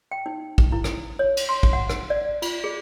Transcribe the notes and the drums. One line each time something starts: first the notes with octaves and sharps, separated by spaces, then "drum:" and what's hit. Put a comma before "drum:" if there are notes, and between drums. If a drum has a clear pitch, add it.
G5
D#4
drum: kick
E4
drum: rim click
C#5
drum: cymbal
C6
drum: kick
F#5
drum: rim click
D5
F4, drum: cymbal
G#4